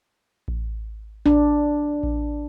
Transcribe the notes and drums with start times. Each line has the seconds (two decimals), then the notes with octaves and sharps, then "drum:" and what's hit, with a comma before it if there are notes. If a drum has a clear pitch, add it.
0.48 drum: kick A1
1.26 D4, drum: kick A1
2.03 drum: kick A1